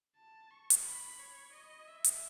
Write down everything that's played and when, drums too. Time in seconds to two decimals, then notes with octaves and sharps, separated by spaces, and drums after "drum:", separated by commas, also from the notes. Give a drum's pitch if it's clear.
0.16 A5
0.51 C#6
0.70 drum: hi-hat
0.84 B5
1.19 C#5
1.53 D#5
1.87 E5
2.04 drum: hi-hat